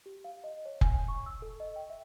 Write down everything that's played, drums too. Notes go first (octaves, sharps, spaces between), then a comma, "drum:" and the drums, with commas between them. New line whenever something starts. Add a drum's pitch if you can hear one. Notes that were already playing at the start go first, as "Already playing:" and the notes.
G4
F5
D#5
C#5
G#5, drum: kick F1
G#5
C#6
E6
A4
D#5
G5
E5